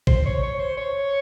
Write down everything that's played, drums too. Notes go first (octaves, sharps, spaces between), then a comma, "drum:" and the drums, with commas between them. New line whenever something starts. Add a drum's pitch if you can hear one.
C5, drum: kick A1
C#5
C#5
C5
C#5